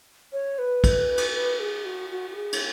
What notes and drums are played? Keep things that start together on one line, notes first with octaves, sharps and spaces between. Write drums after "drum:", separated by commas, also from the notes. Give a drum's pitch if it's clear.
C#5
B4
drum: kick, cymbal
drum: cymbal
B4
G#4
F#4
F#4
F#4
G#4
drum: cymbal